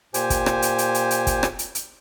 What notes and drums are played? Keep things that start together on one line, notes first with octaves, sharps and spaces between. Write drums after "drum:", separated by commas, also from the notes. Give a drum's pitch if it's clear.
A#2 G4 C5 G#5, drum: hi-hat
drum: kick, hi-hat
drum: rim click
drum: hi-hat
drum: hi-hat
drum: hi-hat
drum: hi-hat
drum: kick, hi-hat
drum: rim click
drum: hi-hat
drum: hi-hat